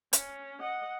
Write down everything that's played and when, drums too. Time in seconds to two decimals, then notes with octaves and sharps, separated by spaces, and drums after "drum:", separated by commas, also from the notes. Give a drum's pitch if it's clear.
0.13 C#4, drum: hi-hat
0.61 D#5 F#5